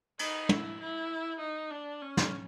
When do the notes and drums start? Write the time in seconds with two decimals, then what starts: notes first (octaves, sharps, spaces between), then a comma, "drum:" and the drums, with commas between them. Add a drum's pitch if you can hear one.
0.19 D#4, drum: cymbal
0.49 E4, drum: tom
0.80 E4
1.40 D#4
1.70 D4
2.01 C#4
2.17 drum: snare